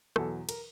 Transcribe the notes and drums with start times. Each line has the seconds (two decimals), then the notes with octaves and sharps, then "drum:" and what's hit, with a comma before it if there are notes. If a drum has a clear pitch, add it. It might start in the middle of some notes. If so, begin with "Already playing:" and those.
0.16 E2 B2 F#3 A4, drum: rim click
0.49 A#4, drum: cymbal